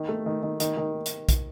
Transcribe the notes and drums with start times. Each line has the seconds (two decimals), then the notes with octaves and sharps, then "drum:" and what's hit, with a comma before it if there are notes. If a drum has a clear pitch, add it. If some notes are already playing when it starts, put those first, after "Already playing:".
Already playing: D#3
0.09 A3
0.26 D#3
0.43 D#3
0.60 D#3, drum: hi-hat
0.77 D#3
1.06 drum: hi-hat
1.29 drum: kick, hi-hat